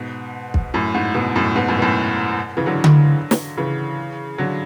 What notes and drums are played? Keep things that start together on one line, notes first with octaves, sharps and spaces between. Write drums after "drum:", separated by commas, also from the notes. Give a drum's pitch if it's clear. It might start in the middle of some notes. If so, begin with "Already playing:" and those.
Already playing: G#2 B2
drum: kick
F#2 A2
G#2
G#2 B2
F#2 A2
G#2 B2
F#2 A2
B2
F#2 A2
C#3 E3
D3 F#3
drum: tom D3
drum: snare
C#3 E3
D3 F#3